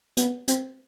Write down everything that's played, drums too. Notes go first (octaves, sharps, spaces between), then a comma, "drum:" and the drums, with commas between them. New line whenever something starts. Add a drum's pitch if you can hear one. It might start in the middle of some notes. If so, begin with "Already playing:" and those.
B3, drum: hi-hat
C4, drum: hi-hat